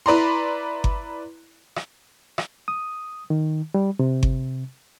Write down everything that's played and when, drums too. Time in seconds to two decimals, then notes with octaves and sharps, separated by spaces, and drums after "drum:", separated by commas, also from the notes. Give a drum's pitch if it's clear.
0.06 E4 B4 D5 A#5 C6
0.84 drum: kick G1
1.76 drum: rim click
2.38 drum: rim click
2.68 D#6
3.30 D#3
3.74 G3
3.99 C3
4.23 drum: kick G1